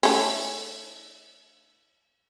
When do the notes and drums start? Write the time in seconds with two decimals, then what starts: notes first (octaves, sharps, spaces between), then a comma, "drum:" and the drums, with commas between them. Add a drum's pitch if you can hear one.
0.03 A3 C#4, drum: open hi-hat